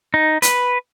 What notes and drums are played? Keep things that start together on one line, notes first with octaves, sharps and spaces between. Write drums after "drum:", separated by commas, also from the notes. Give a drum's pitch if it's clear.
D#4
B4, drum: hi-hat